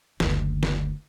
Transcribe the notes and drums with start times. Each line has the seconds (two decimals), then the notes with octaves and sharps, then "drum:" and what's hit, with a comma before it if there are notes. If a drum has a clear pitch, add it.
0.20 F#1 D2, drum: snare
0.63 drum: snare